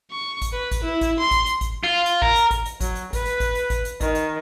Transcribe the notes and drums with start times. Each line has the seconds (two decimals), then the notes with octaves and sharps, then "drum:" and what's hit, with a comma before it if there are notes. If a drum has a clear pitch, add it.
0.12 C#6
0.42 drum: kick, hi-hat
0.53 B4
0.71 drum: kick, hi-hat
0.83 E4
1.01 drum: kick, hi-hat
1.19 C6
1.31 drum: kick, hi-hat
1.46 drum: hi-hat
1.61 drum: kick, hi-hat
1.83 F4
2.06 drum: hi-hat
2.22 A#4, drum: kick
2.36 drum: hi-hat
2.51 drum: kick, hi-hat
2.66 drum: hi-hat
2.81 F#3, drum: kick, hi-hat
2.95 drum: hi-hat
3.13 B4, drum: kick, hi-hat
3.25 drum: hi-hat
3.40 drum: kick, hi-hat
3.55 drum: hi-hat
3.70 drum: kick, hi-hat
3.85 drum: hi-hat
4.01 D#3, drum: kick, hi-hat
4.15 drum: hi-hat